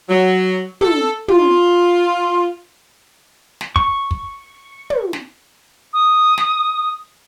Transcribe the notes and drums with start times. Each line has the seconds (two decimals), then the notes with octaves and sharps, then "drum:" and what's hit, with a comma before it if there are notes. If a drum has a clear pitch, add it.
0.08 F#3
0.81 A4, drum: tom
1.28 F4, drum: tom
3.61 drum: snare
3.76 C#6, drum: kick
4.11 drum: kick
4.90 drum: tom
5.13 drum: snare
5.93 D#6
6.38 drum: snare